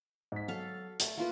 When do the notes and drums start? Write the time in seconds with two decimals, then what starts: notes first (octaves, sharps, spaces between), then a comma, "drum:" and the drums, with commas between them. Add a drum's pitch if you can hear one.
0.32 G#2 B6
0.48 F#3 A4 F5
1.00 A3 F7, drum: hi-hat
1.18 A#3 F4 B4